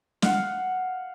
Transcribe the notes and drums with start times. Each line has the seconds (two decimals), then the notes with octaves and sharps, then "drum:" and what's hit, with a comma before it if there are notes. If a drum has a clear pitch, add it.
0.22 F5 F#5, drum: snare